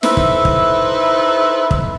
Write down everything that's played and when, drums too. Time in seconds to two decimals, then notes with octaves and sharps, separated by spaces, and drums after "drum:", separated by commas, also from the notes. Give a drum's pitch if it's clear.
0.03 D#4 E4 A4 B4 C5 E5, drum: snare
0.17 drum: kick
0.45 drum: kick
1.71 drum: kick